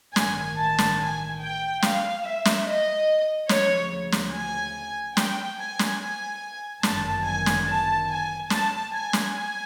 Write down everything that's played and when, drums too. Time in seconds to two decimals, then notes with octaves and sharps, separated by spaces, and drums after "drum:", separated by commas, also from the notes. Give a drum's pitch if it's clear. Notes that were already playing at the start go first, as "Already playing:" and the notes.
0.16 A1 G2 D#3 G#5, drum: snare
0.58 A5
0.78 drum: snare
1.00 G#5
1.41 G5
1.82 F5, drum: snare
2.25 E5
2.45 drum: snare
2.66 D#5
3.49 D2 C#3 F3 C#5, drum: snare
4.12 drum: snare
4.33 G#5
5.17 G5, drum: snare
5.59 G#5
5.79 drum: snare
6.01 G#5
6.83 G1 F#2 D#3 F#3 A5, drum: snare
7.26 G#5
7.46 drum: snare
7.67 A5
8.09 G#5
8.50 A5, drum: snare
8.92 G#5
9.13 drum: snare
9.34 G#5